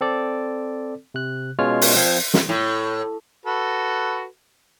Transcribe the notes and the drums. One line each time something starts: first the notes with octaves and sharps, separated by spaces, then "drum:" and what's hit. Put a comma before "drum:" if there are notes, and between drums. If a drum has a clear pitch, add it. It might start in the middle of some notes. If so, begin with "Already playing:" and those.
C4 A4 D5
C3 F#6
B2 G#3 C#4 F4 C#5 F6
drum: open hi-hat
F3 C4 F5 G6 G#6
drum: snare
A2
F#4 A4 B4